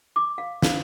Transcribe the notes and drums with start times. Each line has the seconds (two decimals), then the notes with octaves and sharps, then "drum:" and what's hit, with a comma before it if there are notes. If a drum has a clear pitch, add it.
0.16 D6
0.38 F5
0.62 F5, drum: snare